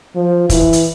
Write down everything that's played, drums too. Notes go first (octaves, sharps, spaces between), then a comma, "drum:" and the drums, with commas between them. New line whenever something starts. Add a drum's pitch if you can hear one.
F3
E3, drum: kick, hi-hat
drum: hi-hat